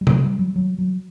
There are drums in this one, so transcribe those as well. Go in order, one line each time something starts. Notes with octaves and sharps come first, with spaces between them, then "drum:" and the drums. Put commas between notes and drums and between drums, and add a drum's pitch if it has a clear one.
G3
F#3, drum: tom
G3
F#3
F#3
F#3